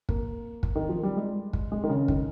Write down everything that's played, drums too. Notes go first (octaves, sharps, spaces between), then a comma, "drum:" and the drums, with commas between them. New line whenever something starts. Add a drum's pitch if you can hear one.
A#3, drum: kick
drum: kick
D#3
F3
G3
G#3
drum: kick
G#3
D#3
C#3
D#3, drum: kick